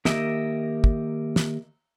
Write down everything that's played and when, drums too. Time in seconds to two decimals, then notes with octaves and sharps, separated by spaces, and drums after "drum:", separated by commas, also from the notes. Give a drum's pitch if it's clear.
0.05 D#3 A#3 G4 A#4 D#5 E5, drum: snare
0.84 drum: kick
1.36 drum: snare